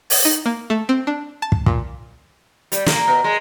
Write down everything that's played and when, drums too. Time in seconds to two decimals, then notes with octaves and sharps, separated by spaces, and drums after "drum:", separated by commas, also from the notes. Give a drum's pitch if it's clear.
0.10 drum: open hi-hat
0.25 D#4
0.46 A#3
0.70 A3
0.89 C4
1.07 D4
1.42 A5
1.52 drum: kick
1.66 A#2, drum: kick
2.72 G3, drum: hi-hat
2.86 A#3, drum: snare
3.08 B2
3.24 G#3